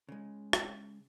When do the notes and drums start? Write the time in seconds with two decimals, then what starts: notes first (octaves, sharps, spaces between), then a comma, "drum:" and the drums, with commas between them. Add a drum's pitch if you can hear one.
0.09 C#3 G#3
0.53 drum: rim click